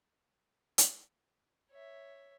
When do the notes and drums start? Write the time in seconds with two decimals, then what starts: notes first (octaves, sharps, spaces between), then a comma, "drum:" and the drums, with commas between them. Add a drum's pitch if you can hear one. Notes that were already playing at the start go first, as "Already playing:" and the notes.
0.78 drum: hi-hat
1.71 C#5 E5